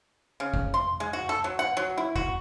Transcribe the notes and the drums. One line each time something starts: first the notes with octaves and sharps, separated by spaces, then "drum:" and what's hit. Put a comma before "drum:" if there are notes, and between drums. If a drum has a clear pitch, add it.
C#3
drum: kick F#1
C6
G#3
F#4
A4
F#3
F#5
F#3
E4
F#4, drum: kick F#1